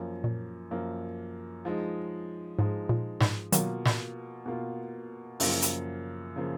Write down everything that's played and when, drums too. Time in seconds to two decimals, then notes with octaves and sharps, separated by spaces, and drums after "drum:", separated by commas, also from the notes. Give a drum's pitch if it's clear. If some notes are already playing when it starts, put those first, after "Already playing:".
Already playing: F#2 F3 A#3
0.24 A#2
0.71 F#2 F3 A#3
1.65 F3 G#3 D#4
2.59 G#2 F3 G#3 D#4
2.89 A#2
3.20 G#2, drum: snare
3.52 B2 D#3 F#3 A#3 F4, drum: hi-hat
3.85 drum: snare
4.46 B2 A#3 F4
5.40 F#2 C#3 F3 A#3, drum: open hi-hat
5.62 drum: hi-hat
6.36 C#3 F3 A#3